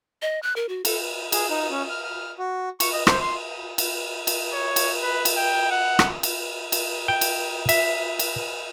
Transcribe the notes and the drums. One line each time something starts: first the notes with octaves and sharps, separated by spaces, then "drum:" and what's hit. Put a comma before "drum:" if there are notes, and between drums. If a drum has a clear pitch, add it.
D#5
F#6
A#4
F#4
A4, drum: cymbal
G#4, drum: cymbal
D#4
C#4
F6
F6
F#4
C#6, drum: cymbal
D#5
C5, drum: rim click
C6
drum: cymbal
drum: cymbal
C#5
drum: cymbal
B4
drum: cymbal
G5
F#5
drum: rim click
drum: cymbal
drum: cymbal
G5
drum: cymbal
E5, drum: cymbal
drum: cymbal